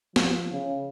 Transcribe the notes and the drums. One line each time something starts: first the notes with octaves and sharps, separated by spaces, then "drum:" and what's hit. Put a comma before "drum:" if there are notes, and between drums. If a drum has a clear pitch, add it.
F3, drum: snare
C#3